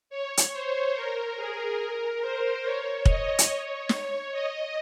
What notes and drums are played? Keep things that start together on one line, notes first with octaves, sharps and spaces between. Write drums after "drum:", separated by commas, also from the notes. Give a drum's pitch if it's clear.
C#5
drum: hi-hat
C5
A#4
G#4
A#4
C5
C#5
D#5, drum: kick
drum: hi-hat
C#5
C#5, drum: snare
D#5